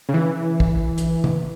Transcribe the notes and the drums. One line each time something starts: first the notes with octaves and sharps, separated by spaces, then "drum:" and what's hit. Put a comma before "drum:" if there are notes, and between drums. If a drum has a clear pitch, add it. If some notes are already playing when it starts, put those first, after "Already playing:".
C#3
E3
drum: kick
drum: hi-hat
drum: tom